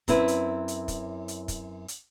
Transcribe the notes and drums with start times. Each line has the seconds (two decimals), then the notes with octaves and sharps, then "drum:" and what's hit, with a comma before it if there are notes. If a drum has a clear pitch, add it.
0.08 F#2 C4 E4 B4, drum: kick, hi-hat
0.28 drum: hi-hat
0.68 drum: hi-hat
0.88 drum: kick, hi-hat
1.28 drum: hi-hat
1.48 drum: kick, hi-hat
1.88 drum: hi-hat